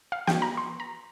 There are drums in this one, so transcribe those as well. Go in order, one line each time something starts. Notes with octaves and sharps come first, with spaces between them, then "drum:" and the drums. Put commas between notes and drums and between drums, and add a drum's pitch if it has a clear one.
F5
G5, drum: snare
A#5
C6
A#5